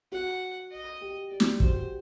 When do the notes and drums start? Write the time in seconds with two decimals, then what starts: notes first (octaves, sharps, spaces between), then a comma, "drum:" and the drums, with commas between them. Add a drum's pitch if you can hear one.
0.12 F#4 F#5
0.71 D#5
1.01 G4
1.30 G4 D5
1.40 drum: snare
1.60 F#4 C5, drum: kick
1.74 G4